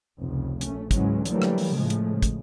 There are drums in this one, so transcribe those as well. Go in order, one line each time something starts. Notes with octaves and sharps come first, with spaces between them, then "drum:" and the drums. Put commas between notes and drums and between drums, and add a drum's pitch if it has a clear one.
F1 C#2 C#3
A#1 A3 C#4, drum: hi-hat
C#2 G#2 E3 F#3 G#3 C#4, drum: kick, hi-hat
D3 E3 F#3 G3 A3 A#3, drum: hi-hat
drum: rim click
drum: open hi-hat
A2 C#3 F3 G#3 A3
drum: hi-hat
C#3
drum: kick, hi-hat